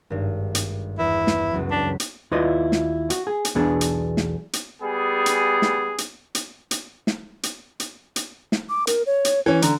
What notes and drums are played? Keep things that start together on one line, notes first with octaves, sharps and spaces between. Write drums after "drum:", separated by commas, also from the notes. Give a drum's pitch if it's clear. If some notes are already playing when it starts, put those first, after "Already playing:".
G#1 G2
drum: hi-hat
E2 E4
drum: snare
C#2 F#2 F#3
D4 B6
drum: hi-hat
D#2 E4 F4 B4 D5 D#5
drum: snare
F#4, drum: hi-hat
G#4
drum: hi-hat
B1 E2 B3 D4 G#4
drum: hi-hat
drum: snare
drum: hi-hat
G3 B3 G#4
drum: hi-hat
drum: snare
drum: hi-hat
drum: hi-hat
drum: hi-hat
drum: snare
drum: hi-hat
drum: hi-hat
drum: hi-hat
drum: snare
D6
A#4, drum: hi-hat
C#5
drum: hi-hat
E3 C#4
D3 A#5, drum: hi-hat